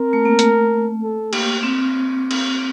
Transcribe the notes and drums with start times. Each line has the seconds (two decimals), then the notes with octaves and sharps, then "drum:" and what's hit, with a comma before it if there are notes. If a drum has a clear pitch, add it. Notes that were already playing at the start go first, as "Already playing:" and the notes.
Already playing: C4 A#4
0.13 A3
0.25 A#3
0.39 A3, drum: hi-hat
1.03 A4
1.33 A#3 G4, drum: cymbal
1.63 C4
2.31 drum: cymbal